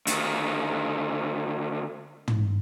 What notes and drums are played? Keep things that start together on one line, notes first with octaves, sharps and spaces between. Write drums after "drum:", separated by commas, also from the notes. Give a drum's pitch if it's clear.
D2 D#3, drum: hi-hat
drum: tom